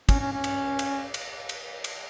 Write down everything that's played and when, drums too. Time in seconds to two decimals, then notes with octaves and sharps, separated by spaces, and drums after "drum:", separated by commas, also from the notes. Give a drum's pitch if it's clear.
0.09 C#4, drum: kick, cymbal
0.20 C#4
0.32 C#4
0.44 drum: cymbal
0.79 drum: cymbal
1.14 drum: cymbal
1.49 drum: cymbal
1.84 drum: cymbal